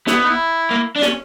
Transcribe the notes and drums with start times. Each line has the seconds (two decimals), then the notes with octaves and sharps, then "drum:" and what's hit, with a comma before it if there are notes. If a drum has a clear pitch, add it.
0.07 B3 E4, drum: snare
0.24 D#4
0.29 E4
0.71 A#3
0.96 D4
1.02 C#4, drum: snare